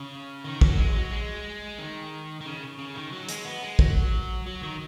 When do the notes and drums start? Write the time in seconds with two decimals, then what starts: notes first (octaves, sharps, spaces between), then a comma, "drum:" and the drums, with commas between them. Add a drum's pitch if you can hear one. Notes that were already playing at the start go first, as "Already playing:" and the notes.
Already playing: C#3
0.44 D#3
0.61 F#3, drum: kick
0.78 G#3
0.94 F#3
1.11 G#3
1.78 D#3
2.41 D#3
2.45 C#3
2.79 C#3
2.95 D#3
3.12 F#3
3.29 G#3, drum: hi-hat
3.45 B3
3.62 G#3
3.79 F#3, drum: kick
4.46 F#3
4.63 D#3